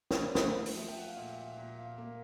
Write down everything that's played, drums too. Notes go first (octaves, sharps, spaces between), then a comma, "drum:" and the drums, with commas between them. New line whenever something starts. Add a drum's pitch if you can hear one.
C#5, drum: snare
D5
A3 D#5, drum: snare
drum: open hi-hat
F3 E5
G5
F#5
F5
A#2 E5
E5
A#2
F5
A#3